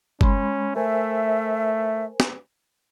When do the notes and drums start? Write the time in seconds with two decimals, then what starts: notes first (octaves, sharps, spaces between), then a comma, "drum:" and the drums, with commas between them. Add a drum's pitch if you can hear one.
0.21 G#3 C#4 B5 C6, drum: kick F#1
0.76 A3 A#4 C5 E5 G#5
2.20 drum: snare